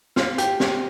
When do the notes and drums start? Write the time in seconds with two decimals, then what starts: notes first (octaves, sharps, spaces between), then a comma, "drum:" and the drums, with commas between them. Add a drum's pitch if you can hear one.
0.16 F4, drum: snare
0.38 G4, drum: hi-hat
0.60 drum: snare